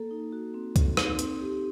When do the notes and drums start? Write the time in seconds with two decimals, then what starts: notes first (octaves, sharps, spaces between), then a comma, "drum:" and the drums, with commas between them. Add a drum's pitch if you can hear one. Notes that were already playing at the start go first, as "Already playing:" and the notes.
Already playing: A#3 A4
0.11 D#4
0.32 F#4
0.54 C4
0.76 A4, drum: kick C2, hi-hat
0.97 D#4, drum: rim click
1.19 C4, drum: hi-hat
1.41 G4